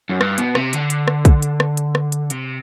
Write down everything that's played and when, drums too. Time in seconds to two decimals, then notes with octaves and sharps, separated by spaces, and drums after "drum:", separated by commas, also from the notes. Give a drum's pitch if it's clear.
0.09 F#2
0.21 G2, drum: rim click
0.38 B2, drum: hi-hat
0.55 C3, drum: rim click
0.73 D3, drum: hi-hat
0.90 drum: hi-hat
1.08 drum: rim click
1.25 drum: kick, hi-hat
1.42 drum: hi-hat
1.60 drum: rim click
1.77 drum: hi-hat
1.95 drum: rim click
2.12 drum: hi-hat
2.30 C3, drum: hi-hat